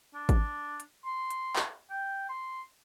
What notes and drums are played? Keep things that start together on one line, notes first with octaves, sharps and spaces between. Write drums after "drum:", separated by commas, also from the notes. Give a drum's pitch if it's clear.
D4
drum: kick G#1, hi-hat
drum: hi-hat
C6
drum: hi-hat
drum: clap
G5
C6